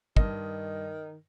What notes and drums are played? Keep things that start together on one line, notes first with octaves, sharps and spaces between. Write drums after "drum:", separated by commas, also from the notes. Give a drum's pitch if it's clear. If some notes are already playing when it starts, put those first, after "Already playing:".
G2 D#3 D#5, drum: kick